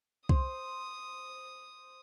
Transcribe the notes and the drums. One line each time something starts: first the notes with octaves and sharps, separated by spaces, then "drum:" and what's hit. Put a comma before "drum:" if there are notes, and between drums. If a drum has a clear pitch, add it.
C5 D#6, drum: kick C2